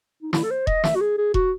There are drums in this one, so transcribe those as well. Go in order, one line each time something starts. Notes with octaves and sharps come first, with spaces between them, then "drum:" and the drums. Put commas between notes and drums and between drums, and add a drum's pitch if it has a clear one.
D#4
E4, drum: snare
A4
C5
D#5, drum: kick E1
E5, drum: snare
F#4
G#4
G#4
F#4, drum: kick E1